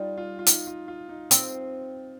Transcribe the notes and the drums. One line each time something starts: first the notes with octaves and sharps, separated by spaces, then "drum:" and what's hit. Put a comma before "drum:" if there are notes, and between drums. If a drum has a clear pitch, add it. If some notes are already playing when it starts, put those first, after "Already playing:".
Already playing: G3 D#4 F4
F4
F4
D#4, drum: hi-hat
F4
F4
D#4
C4, drum: hi-hat